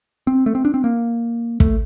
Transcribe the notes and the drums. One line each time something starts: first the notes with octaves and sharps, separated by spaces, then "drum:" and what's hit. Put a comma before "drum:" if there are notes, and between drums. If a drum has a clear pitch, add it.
C4
A3
C4
D4
C4
A#3
A3, drum: kick